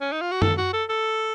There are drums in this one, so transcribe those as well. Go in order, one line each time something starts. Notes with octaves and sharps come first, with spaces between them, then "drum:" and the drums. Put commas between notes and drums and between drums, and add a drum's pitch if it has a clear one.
C#4
D#4
F4
F#4
A4, drum: tom
F#4
A4
A4